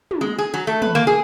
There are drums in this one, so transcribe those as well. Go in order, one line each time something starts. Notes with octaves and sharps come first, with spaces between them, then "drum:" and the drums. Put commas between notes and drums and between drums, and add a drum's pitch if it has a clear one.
drum: tom
G#3
G#4
F#3
A3
B4, drum: tom
A#3
G#4